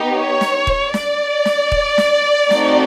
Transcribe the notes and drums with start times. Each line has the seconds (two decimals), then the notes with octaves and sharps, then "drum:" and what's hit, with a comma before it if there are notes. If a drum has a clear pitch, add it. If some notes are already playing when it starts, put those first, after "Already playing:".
Already playing: B3 D#4 G4
0.15 C#5
0.41 drum: snare
0.67 drum: kick D#1
0.94 D5, drum: snare
1.45 drum: snare
1.72 drum: kick D#1
1.98 drum: snare
2.51 A3 C4 D#4 F#4, drum: snare